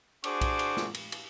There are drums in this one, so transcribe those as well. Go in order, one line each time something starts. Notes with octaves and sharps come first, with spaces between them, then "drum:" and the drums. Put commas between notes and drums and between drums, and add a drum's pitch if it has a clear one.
D4 F#4 G#4 C5 C#6 D6, drum: cymbal
drum: kick B1, cymbal
drum: cymbal
drum: snare
drum: cymbal
drum: cymbal